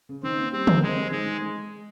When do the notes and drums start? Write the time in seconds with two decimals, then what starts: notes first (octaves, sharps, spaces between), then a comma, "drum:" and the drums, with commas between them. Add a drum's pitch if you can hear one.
0.09 C#3
0.23 D#3 C4
0.37 A#3
0.52 G3 C4
0.67 A#4, drum: tom D3
0.82 G#3 C4
0.96 C4
1.11 D#3 G#3
1.26 D#3
1.41 G#3